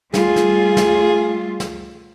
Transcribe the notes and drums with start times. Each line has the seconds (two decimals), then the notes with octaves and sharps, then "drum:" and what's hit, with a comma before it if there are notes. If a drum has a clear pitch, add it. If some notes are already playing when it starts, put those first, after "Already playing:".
0.14 G3 A3 F4 G#4, drum: snare
0.36 drum: snare
0.77 drum: snare
1.60 drum: snare